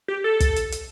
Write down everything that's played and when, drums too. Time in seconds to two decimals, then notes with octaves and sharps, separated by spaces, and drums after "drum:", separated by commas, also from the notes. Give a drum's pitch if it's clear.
0.08 G4
0.24 A4
0.40 drum: kick, hi-hat
0.56 drum: hi-hat
0.72 drum: hi-hat